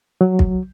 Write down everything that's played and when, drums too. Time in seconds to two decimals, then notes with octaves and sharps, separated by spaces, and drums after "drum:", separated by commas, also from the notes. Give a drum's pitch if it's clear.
0.21 F#3
0.39 drum: kick